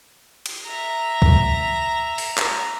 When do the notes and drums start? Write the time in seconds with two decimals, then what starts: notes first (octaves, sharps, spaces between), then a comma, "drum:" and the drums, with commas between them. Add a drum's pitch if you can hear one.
0.46 drum: cymbal
0.66 E5 A#5
1.22 drum: kick
2.18 drum: open hi-hat
2.38 drum: clap